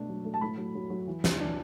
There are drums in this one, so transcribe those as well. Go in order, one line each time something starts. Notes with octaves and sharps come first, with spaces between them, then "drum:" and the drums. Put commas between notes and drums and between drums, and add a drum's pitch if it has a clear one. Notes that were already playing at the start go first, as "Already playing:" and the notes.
Already playing: B2 A3 D4
F#3
A3
A5
A2 B5
F#3
F#3
F#3
E3
E3, drum: snare
D4